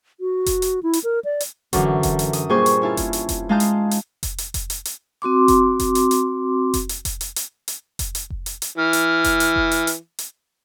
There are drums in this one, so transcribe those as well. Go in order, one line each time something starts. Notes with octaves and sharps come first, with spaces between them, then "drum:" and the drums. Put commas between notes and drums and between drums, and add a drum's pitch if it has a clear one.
F#4
drum: kick F1, hi-hat
drum: hi-hat
E4
drum: hi-hat
A#4
D5
drum: hi-hat
F#2 D3 E3, drum: kick F1, hi-hat
drum: kick F1, hi-hat
drum: hi-hat
D#6, drum: hi-hat
G2 A#2 A#3 G#4 C5 C#6
drum: hi-hat
C#4 E4 F4 A5
drum: kick F1, hi-hat
drum: hi-hat
drum: kick F1, hi-hat
G#3 D#4 F5 A5 D#6 G6
drum: hi-hat
drum: hi-hat
drum: kick F1, hi-hat
drum: hi-hat
drum: kick F1, hi-hat
drum: hi-hat
drum: hi-hat
C4 F#4 C6 D6
drum: kick F1, hi-hat
drum: kick F1, hi-hat
drum: hi-hat
drum: hi-hat
drum: kick F1, hi-hat
drum: hi-hat
drum: kick F1, hi-hat
drum: hi-hat
drum: hi-hat
drum: hi-hat
drum: kick F1, hi-hat
drum: hi-hat
drum: kick F1
drum: hi-hat
drum: hi-hat
E3 F6
drum: hi-hat
drum: kick F1, hi-hat
drum: hi-hat
drum: kick F1
drum: hi-hat
drum: hi-hat
drum: hi-hat